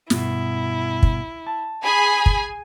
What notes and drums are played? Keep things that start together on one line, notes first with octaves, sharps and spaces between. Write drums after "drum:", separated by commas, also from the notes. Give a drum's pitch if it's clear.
G2 B2 E4, drum: snare
drum: kick
A5
G#4 G#5 B5
drum: kick